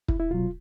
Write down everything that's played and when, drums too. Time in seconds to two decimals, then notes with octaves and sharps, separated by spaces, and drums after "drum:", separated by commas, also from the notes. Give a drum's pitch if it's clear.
0.08 E4, drum: kick
0.20 E4
0.30 C2 B2 F#3 F4